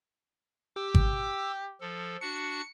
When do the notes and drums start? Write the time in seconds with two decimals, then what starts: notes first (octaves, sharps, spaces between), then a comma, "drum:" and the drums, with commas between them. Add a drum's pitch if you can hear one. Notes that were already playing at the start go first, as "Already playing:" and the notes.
0.76 G4 D6 E6
0.95 drum: kick G#1
1.81 F3 A4
2.21 D4 F#4 C#7